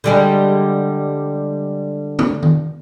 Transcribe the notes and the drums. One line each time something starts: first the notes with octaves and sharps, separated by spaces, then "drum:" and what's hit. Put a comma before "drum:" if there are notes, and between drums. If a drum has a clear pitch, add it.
D3 G3 G#3
drum: tom C3
drum: tom D#3